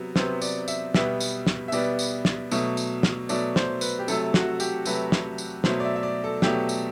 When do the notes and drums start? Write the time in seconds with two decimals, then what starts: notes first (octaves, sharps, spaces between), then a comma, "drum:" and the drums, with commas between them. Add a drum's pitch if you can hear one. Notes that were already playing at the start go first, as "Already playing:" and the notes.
Already playing: C3 F#3 B3
0.16 C3 F#3 B3 C5, drum: snare
0.41 D5, drum: tambourine
0.68 E5, drum: tambourine
0.94 B2 G3 B3 E5, drum: snare
1.20 drum: tambourine
1.47 drum: snare
1.68 E5
1.72 B2 G3 B3 D5, drum: tambourine
1.99 drum: tambourine
2.25 drum: snare
2.51 B2 F#3 A3, drum: tambourine
2.77 drum: tambourine
3.03 drum: snare
3.29 B2 F#3 A3 D5, drum: tambourine
3.56 C5, drum: snare
3.81 B4, drum: tambourine
3.99 G4
4.08 C3 F#3 A3 A4, drum: tambourine
4.34 F#4, drum: snare
4.60 G4, drum: tambourine
4.85 C3 F#3 A3 B4, drum: tambourine
5.12 drum: snare
5.38 drum: tambourine
5.64 B2 F#3 A3 C5, drum: snare
5.80 D5
5.85 E5
5.96 E5
6.03 D5
6.24 A4
6.42 B2 F#3 A3 G4, drum: snare
6.69 drum: tambourine